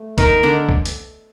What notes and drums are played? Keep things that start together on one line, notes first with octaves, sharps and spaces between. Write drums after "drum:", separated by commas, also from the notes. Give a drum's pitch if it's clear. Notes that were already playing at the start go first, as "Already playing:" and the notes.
Already playing: A3
D#3 D#4 A#4, drum: kick, hi-hat
D3 D4
drum: kick
drum: hi-hat